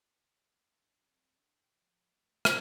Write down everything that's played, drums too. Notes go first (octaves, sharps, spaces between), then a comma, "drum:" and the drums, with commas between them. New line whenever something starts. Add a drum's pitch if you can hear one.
D4
F#3 C4
D4
D3 G5
F3
A3
drum: rim click